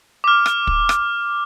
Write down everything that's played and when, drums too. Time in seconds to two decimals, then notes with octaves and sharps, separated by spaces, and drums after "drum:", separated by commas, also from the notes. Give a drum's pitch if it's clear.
0.24 D6 F6
0.46 drum: rim click
0.67 drum: kick
0.89 drum: rim click